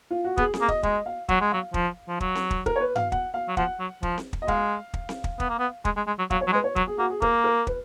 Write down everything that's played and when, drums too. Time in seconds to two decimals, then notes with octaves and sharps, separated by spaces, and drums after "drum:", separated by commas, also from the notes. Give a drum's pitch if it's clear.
0.11 F4
0.24 F#4
0.37 B3 G#4, drum: kick
0.54 G#4, drum: snare C4
0.61 A#3
0.68 D#5, drum: kick
0.83 G#3 D#5, drum: kick
1.06 F5
1.29 F#3 F#5, drum: kick
1.41 G#3
1.52 F#3 F5
1.74 F3, drum: kick
2.09 F3
2.20 F#3, drum: kick
2.35 drum: snare C4
2.51 drum: kick
2.66 A#4, drum: kick
2.76 C#5
2.81 B4
2.96 F5, drum: tom G2
3.12 F#5, drum: kick
3.34 F5
3.48 F#3
3.57 F3 F#5, drum: kick
3.80 F#3
4.03 F3, drum: kick
4.18 drum: snare C4
4.33 drum: kick
4.42 D#5
4.48 G#3 F5, drum: kick
4.94 drum: kick
5.09 drum: snare C4
5.24 drum: kick
5.40 B3, drum: kick
5.50 A#3
5.59 B3
5.85 G#3, drum: kick
5.97 G#3
6.07 G#3
6.19 F#3
6.30 F#3 F5, drum: kick
6.41 C#5
6.47 F#3
6.52 G#3 B4
6.64 C#5
6.76 F#3, drum: kick
6.87 G#4
6.98 A#3 F#4
7.10 G#4
7.22 A#3 A#4, drum: kick
7.44 A#4
7.67 B4, drum: kick